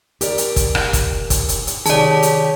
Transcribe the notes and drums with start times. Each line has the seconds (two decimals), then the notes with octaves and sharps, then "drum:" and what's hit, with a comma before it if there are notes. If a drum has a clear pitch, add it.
0.21 G4 A#4 D5, drum: hi-hat
0.38 drum: hi-hat
0.56 drum: kick, hi-hat
0.75 drum: rim click
0.93 drum: kick, hi-hat
1.30 drum: kick, hi-hat
1.49 drum: hi-hat
1.67 drum: hi-hat
1.86 C3 D#3 G4 G#4 C#5 D5 A5, drum: hi-hat
2.23 drum: hi-hat